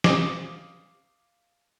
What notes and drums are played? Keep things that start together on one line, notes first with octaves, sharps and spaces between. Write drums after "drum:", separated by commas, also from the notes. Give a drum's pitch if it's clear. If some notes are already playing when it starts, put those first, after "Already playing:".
F5 D6 D#6, drum: snare